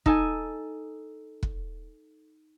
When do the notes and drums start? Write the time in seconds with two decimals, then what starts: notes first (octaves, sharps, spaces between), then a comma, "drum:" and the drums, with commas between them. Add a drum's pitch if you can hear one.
0.06 D#4 A4 G#5, drum: kick
1.43 drum: kick